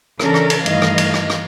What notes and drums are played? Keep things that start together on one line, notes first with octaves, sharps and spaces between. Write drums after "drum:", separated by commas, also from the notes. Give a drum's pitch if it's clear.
C#3 E3 C#4 D4 A4 A#4, drum: rim click
drum: rim click
drum: cymbal
G2 D#3 E3 A3 D#5 F5, drum: cymbal
drum: rim click
drum: cymbal
drum: rim click
drum: rim click